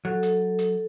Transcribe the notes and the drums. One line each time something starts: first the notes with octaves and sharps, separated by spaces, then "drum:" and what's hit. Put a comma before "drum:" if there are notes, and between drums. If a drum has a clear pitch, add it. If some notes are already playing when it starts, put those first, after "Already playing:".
F#3 A4
drum: hi-hat
drum: hi-hat